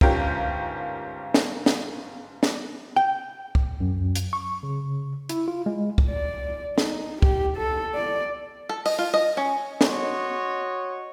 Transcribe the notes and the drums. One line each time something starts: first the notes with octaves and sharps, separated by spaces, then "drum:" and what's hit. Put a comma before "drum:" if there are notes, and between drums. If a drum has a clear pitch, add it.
G1 G#2 C#4 F4 G4 A#4, drum: kick
drum: snare
drum: snare
drum: snare
G5
drum: kick
F#2
drum: hi-hat
C#6
C#3
E4, drum: hi-hat
F4
G#3
drum: kick
D5
D#4, drum: snare
G4, drum: kick
A4
D5
A4
D#5, drum: open hi-hat
F4
D#5
C#4
F#4 C#5 D#5 C6, drum: snare